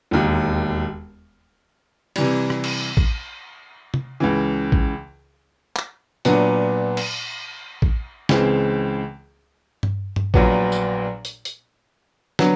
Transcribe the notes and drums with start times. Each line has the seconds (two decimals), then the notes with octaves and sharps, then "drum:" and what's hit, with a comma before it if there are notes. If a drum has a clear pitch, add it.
0.11 E1 D#2 D#3
2.16 C3 E3 G3, drum: cymbal
2.50 drum: rim click
2.64 drum: cymbal
2.97 drum: kick A1
3.94 drum: tom
4.20 C#2 C#3 E3
4.72 drum: kick A1
5.76 drum: clap
6.25 A#2 F#3 B3 D4, drum: hi-hat
6.97 drum: cymbal
7.82 drum: kick A1
8.29 C#2 C#3 E3 G#3 C4, drum: snare
9.83 drum: tom G2
10.16 drum: tom G2
10.34 A#1 A#2 F#3 B3, drum: kick A1
10.72 drum: tambourine
11.25 drum: hi-hat
11.45 drum: hi-hat
12.39 D3 F#3 B3, drum: snare